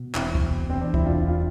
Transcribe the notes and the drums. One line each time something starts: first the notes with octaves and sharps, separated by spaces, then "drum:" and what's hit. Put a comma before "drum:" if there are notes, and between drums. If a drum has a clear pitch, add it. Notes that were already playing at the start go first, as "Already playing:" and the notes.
Already playing: B2
E1 C4 E4, drum: clap
drum: kick C#2
B2
C4
E2
D4
E4, drum: kick C#2
E1 D4 F4
F4